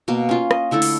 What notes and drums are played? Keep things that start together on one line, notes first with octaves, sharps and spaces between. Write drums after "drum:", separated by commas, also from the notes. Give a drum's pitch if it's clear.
B2 A#3
C#4 F4
D#5, drum: rim click
D3 A3 E4 A4
drum: open hi-hat